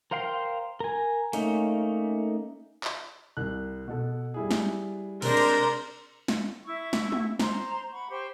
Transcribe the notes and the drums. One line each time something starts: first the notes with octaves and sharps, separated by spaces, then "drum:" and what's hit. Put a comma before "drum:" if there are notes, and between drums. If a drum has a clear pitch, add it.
A#4 C5 F5 G5 C6
A#4 G#5
A3 A#3 C#4 D#4, drum: hi-hat
drum: clap
C2 F#6
B2 A4
G3 E4 G#4
drum: snare
C3 G#3 D4 A#4 C5, drum: open hi-hat
drum: cymbal
drum: snare
E4 E5 C#6
drum: snare
drum: tom
C5 A#5 C6, drum: snare
F#5 B5 C#6
G4 C5 C#6